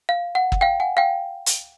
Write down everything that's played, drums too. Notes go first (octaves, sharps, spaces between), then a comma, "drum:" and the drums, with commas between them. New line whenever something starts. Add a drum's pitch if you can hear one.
F5
F#5
drum: kick
F5 G5
F#5 G#5
F5 G5
drum: hi-hat